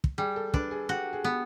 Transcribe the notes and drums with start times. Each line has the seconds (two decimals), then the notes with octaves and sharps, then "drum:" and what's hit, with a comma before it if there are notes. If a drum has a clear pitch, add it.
0.04 drum: kick
0.18 G3 G#4
0.36 A4
0.54 D4 B4, drum: kick
0.71 G#4
0.89 F#4 G4
1.13 G#4
1.24 B3